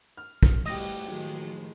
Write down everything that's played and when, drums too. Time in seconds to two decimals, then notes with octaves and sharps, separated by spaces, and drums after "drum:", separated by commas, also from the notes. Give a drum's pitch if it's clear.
0.17 F6
0.43 drum: kick
0.66 A2 G3 F#4 G4 D#5, drum: open hi-hat
1.08 D#3 F3 F#3 G#3